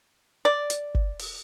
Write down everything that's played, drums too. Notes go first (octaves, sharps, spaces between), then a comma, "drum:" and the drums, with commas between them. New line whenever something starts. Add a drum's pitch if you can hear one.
D5
drum: hi-hat
drum: kick G1
drum: open hi-hat